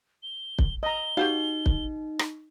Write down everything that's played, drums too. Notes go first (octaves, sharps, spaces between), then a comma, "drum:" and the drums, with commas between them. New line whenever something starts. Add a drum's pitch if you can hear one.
G7
drum: kick
D#5 A#5 G7
D#4 F#4 G4 C5 F5
drum: kick
drum: rim click